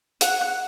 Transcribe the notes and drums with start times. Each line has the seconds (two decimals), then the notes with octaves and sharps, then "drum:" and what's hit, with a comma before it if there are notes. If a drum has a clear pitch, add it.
0.21 F#5, drum: hi-hat
0.41 F#5